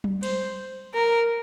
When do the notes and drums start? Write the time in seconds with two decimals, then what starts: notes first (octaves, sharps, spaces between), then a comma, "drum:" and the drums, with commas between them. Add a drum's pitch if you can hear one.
0.04 drum: tom F#3
0.23 C5, drum: cymbal
0.94 A#4